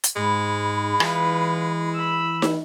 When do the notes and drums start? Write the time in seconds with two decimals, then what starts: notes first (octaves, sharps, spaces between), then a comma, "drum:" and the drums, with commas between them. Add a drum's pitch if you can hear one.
0.04 drum: hi-hat
0.16 G#2 G#3 B5
1.00 E3 F4 B4, drum: rim click
1.94 B5 E6
2.42 drum: snare